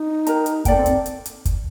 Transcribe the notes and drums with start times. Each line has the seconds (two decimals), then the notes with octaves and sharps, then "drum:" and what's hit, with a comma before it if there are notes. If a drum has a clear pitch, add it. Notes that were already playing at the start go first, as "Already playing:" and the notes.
Already playing: D#4
0.27 G4 A#4 D#5 A#5, drum: hi-hat
0.46 drum: hi-hat
0.65 A#3 A4 D5 G5, drum: kick, hi-hat
0.76 C4
0.86 drum: hi-hat
1.06 drum: hi-hat
1.26 drum: hi-hat
1.45 drum: kick, hi-hat